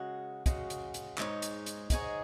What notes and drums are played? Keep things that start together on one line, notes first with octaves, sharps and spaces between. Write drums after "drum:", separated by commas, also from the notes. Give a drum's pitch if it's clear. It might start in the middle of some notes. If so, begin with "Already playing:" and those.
Already playing: C#3 G#3 F#4
C#3 G#3 F#4, drum: kick, hi-hat
drum: hi-hat
drum: hi-hat
G#2 G#3 D#4 G#4 C#5, drum: clap
drum: hi-hat
drum: hi-hat
G#2 G#3 D#4 G#4 C#5, drum: kick, hi-hat